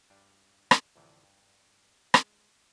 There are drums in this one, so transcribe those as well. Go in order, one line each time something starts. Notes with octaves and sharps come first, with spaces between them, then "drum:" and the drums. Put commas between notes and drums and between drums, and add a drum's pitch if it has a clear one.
G2 G3 D4
drum: rim click
D2 A2 C3 E3 F3
G2
G#3, drum: rim click